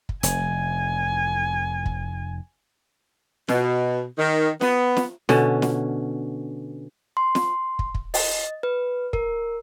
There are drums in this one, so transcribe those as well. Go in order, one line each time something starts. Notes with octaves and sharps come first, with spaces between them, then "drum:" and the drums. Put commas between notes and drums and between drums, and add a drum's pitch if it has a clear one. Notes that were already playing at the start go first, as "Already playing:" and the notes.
drum: kick
F1 G#5, drum: hi-hat
drum: kick
B2, drum: snare
D#3
B3, drum: snare
drum: snare
B2 D3 C#4, drum: snare
drum: snare
C6
drum: snare
drum: kick
drum: kick
D#5, drum: open hi-hat
B4
A#4, drum: kick